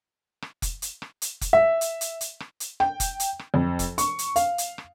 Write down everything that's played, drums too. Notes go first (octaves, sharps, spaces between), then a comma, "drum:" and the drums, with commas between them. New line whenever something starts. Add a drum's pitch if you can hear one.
drum: rim click
drum: kick F1, hi-hat
drum: hi-hat
drum: rim click
drum: hi-hat
drum: kick F1, hi-hat
E5
drum: hi-hat
drum: hi-hat
drum: hi-hat
drum: rim click
drum: hi-hat
G5, drum: rim click
drum: kick F1, hi-hat
drum: hi-hat
drum: rim click
F2
drum: kick F1, hi-hat
C#6, drum: hi-hat
drum: hi-hat
F5, drum: hi-hat
drum: hi-hat
drum: rim click